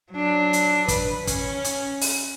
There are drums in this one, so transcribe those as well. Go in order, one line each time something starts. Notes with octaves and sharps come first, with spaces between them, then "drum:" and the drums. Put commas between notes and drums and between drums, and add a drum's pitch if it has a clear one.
F#3 D4
drum: hi-hat
B4, drum: kick, hi-hat
C#4, drum: kick, hi-hat
drum: hi-hat
drum: open hi-hat